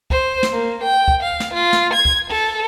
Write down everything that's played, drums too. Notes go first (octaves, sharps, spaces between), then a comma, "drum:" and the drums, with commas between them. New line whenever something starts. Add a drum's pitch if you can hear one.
C5, drum: kick
drum: snare
A#3
G5
drum: kick
F5
drum: snare
F4
drum: snare
G#6
drum: kick
A4